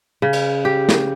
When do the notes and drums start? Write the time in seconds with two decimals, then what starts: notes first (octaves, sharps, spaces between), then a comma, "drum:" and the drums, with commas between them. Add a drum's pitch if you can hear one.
0.22 C#3
0.33 drum: cymbal
0.65 G4
0.89 drum: snare